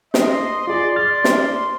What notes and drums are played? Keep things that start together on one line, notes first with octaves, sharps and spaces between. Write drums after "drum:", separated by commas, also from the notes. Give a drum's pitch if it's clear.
D#5 C6, drum: snare
F4 G#4 D5
D5 F6 A6
drum: snare